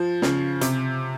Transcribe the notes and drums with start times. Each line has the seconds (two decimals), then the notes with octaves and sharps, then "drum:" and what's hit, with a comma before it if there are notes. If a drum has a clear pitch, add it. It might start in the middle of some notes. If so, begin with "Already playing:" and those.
Already playing: F3
0.22 C#3, drum: snare
0.61 C3, drum: hi-hat